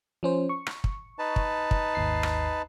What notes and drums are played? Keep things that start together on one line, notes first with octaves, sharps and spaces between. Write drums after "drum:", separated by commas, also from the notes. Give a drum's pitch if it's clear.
F3 C#4 C5
C#6
drum: rim click
drum: kick
D#4 B4 A5
drum: kick
drum: kick
G#1 D#2 C7
drum: rim click